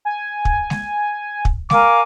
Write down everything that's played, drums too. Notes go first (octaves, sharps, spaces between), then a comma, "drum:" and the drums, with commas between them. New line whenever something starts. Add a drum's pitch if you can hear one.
G#5
drum: kick
drum: snare G#3
drum: kick
A#4 F5 G#5 D6, drum: snare G#3